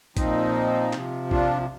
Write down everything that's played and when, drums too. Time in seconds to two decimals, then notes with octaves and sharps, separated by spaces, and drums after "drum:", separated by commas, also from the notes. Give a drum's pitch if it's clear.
0.17 A#2 F3 C4 D#4, drum: kick, hi-hat
0.93 C3 F3, drum: clap
1.31 D4 F4, drum: kick